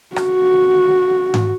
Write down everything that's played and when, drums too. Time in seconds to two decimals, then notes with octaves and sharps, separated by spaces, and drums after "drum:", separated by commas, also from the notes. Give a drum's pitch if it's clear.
0.16 F#4, drum: rim click
1.34 drum: tom G#2